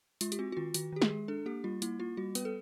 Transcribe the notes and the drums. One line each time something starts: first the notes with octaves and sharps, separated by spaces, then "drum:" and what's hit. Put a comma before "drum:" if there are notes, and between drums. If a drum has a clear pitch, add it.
G#3 F4, drum: hi-hat
G4, drum: hi-hat
C4 F#4
F#4
D#3 F4
D#3 F#4, drum: hi-hat
D#3 G4
G#4, drum: snare
G#3
D4 A4
A#3 G4
G3 F4
A#3 E4, drum: hi-hat
A#3 F4
G3 F#4
B3 B4, drum: hi-hat
A4